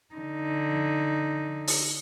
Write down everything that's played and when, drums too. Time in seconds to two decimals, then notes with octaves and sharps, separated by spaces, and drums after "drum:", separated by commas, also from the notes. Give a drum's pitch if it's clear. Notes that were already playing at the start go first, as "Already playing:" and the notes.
0.15 D3 D#4
1.67 drum: open hi-hat